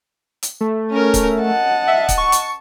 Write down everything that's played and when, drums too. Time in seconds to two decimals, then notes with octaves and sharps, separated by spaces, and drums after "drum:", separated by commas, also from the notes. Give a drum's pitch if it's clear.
0.43 drum: hi-hat
0.61 A3
0.90 C#4 A#4
1.14 drum: kick C#1, hi-hat
1.41 D#5 F#5 A5
1.87 E5
2.09 drum: kick C#1, hi-hat
2.18 C#6
2.32 drum: hi-hat